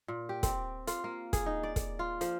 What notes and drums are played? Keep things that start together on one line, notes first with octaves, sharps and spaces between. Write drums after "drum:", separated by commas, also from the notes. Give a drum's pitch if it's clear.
A#2
G4
C4, drum: kick, hi-hat
F4, drum: hi-hat
A#3
G#4, drum: kick, hi-hat
D#4
D5
drum: kick, hi-hat
F4
F3, drum: hi-hat